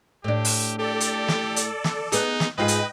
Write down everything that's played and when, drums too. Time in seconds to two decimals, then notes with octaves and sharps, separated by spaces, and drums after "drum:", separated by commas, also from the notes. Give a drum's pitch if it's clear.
0.24 A2 D4 G4
0.45 drum: open hi-hat
0.79 G4 A4 D5
1.00 drum: hi-hat
1.28 drum: snare
1.56 drum: hi-hat
1.84 drum: snare
2.12 B3 D#4 G#4, drum: hi-hat
2.40 drum: snare
2.58 G#2 F4 G#4 B4 D#5 G5
2.68 drum: hi-hat